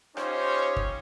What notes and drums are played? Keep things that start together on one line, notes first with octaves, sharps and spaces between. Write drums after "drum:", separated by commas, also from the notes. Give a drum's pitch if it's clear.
C#4 D#4 F4 G4 C5 C#5, drum: rim click
drum: kick